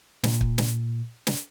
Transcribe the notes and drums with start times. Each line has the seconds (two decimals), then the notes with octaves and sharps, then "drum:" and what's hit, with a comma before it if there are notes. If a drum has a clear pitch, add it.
0.24 A#2, drum: snare
0.41 drum: kick
0.58 drum: snare
1.27 drum: snare